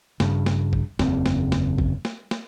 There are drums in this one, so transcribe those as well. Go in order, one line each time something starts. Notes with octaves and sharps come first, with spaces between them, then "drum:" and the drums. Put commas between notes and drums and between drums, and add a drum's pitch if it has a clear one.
G2 C#3, drum: snare
drum: snare
drum: kick
F#1 E2 C#3 C4, drum: snare
drum: snare
drum: snare
drum: kick
drum: snare
drum: snare